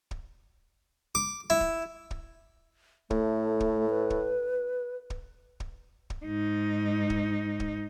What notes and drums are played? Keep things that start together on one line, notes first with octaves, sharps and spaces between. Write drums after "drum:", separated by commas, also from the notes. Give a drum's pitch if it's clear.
drum: kick
D6
E4
drum: kick
drum: kick
A2 A3, drum: kick
drum: kick
B4
drum: kick
drum: kick
drum: kick
drum: kick
G#2 D#4
drum: kick
drum: kick